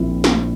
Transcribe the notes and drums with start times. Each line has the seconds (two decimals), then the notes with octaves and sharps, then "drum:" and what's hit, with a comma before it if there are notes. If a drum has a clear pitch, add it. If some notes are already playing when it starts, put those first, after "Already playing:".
Already playing: A#1 A#2 F3 C4 E4
0.24 drum: snare